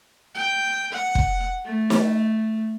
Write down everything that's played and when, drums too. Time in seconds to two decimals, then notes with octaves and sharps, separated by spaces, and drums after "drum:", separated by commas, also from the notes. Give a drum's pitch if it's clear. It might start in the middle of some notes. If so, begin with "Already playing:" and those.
0.34 G5
0.92 F#5
1.15 drum: kick
1.65 A3
1.90 drum: snare